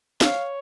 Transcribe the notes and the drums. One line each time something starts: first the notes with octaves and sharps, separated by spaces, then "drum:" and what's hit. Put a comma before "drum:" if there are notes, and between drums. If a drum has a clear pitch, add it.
C#5 F5, drum: snare